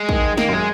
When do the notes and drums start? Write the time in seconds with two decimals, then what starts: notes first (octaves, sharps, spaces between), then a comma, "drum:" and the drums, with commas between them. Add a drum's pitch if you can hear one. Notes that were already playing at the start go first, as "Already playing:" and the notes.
Already playing: G#3
0.09 D#3, drum: kick
0.37 D#3 A#3, drum: snare
0.48 F#2
0.53 G#3